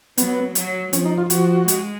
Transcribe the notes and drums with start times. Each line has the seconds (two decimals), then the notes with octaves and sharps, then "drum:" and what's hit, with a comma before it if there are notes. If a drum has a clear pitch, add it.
0.18 F#3 B3, drum: hi-hat
0.55 F#3, drum: hi-hat
0.93 F3 C#4, drum: hi-hat
1.05 D#4
1.18 F4
1.30 F3 F#4, drum: hi-hat
1.68 G#3, drum: hi-hat